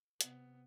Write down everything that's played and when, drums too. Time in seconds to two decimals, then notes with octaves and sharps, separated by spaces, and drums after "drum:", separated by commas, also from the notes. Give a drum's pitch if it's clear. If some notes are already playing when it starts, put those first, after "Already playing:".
0.21 C3 B3, drum: hi-hat